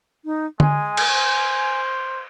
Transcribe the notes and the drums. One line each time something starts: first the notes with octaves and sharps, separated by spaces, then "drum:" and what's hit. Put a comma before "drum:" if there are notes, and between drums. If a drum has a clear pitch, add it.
D#4
G#3 G#5, drum: tom D3
drum: cymbal
C5